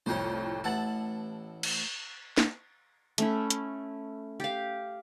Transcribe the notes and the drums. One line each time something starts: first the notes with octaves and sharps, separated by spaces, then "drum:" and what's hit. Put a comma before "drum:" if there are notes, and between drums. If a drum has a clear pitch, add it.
C2 F2 A2 C5 C#5
A1 E4 F#5 A5 A6 F#7
drum: cymbal
drum: snare
A3 C#4 E4, drum: hi-hat
drum: hi-hat
G4 F5